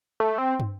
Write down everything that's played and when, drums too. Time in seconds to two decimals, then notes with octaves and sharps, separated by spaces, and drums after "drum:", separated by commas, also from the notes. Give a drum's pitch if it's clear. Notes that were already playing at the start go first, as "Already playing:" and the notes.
0.20 A3
0.38 C4
0.60 drum: tom